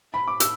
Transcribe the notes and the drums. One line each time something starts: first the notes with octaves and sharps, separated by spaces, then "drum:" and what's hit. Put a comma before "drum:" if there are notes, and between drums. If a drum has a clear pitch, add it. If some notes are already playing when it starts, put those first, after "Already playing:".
B5
D6
E6, drum: hi-hat